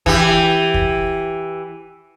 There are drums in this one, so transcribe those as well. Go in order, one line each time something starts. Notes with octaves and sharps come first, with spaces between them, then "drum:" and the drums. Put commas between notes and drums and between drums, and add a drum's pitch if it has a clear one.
E3 G4, drum: kick
drum: kick